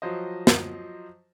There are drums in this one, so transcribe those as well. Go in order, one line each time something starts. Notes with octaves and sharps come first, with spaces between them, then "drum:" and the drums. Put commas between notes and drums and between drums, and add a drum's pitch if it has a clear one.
F3 F#3 C5 D#5
drum: snare